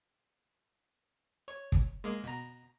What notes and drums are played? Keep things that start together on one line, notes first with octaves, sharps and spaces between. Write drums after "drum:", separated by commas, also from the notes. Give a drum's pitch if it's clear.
C#5
drum: kick
G#3 A#3
B2 A#5